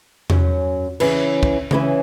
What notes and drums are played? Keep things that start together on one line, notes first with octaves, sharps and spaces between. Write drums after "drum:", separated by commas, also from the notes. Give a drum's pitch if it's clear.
F#2 F#3 C#4, drum: tom E2
C#3 E3 C#4 E4 B4, drum: cymbal
drum: kick
C#3 E3 C#4 E4 B4, drum: tom C#3